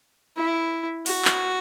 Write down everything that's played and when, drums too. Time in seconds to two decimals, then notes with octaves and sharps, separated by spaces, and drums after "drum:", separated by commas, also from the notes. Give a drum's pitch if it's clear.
0.37 E4
1.06 F#4, drum: open hi-hat
1.25 drum: clap